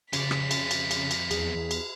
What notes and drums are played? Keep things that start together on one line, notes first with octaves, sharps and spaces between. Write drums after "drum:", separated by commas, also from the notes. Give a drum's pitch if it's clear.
F2 C#3 D5 B6, drum: cymbal
drum: rim click
drum: cymbal
drum: cymbal
drum: cymbal
drum: cymbal
E2 G#4, drum: cymbal
drum: cymbal